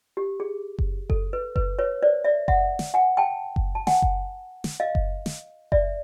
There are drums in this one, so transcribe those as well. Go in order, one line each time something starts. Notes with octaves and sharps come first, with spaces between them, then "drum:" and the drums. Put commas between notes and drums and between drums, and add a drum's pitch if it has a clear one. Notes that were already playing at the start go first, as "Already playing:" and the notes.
G4
G#4
drum: kick F#1
A4, drum: kick F#1
B4
B4, drum: kick F#1
B4 C#5
C5 D5
D5 E5
E5 F#5, drum: kick F#1
drum: snare
F#5 G#5
G5 A5
drum: kick F#1
A5
F#5 G#5, drum: snare
drum: kick F#1
drum: snare
D#5 F5
drum: kick F#1
drum: snare
D5 E5, drum: kick F#1